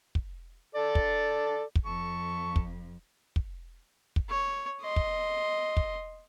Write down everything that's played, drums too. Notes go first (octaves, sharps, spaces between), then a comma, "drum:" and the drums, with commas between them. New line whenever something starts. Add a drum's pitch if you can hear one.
drum: kick
A4 D5
drum: kick
drum: kick
F2 A4 C#6
drum: kick
drum: kick
drum: kick
C#5
D#5 C6
drum: kick
drum: kick